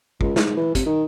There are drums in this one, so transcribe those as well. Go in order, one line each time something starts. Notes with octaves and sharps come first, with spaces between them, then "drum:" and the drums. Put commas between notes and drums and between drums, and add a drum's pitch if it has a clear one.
C#2, drum: kick
G#2, drum: snare
E3
C3, drum: kick, hi-hat
D#3